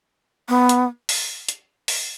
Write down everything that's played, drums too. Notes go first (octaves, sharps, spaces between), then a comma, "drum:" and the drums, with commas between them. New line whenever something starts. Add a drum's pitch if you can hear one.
B3
drum: hi-hat
drum: open hi-hat
drum: hi-hat
drum: open hi-hat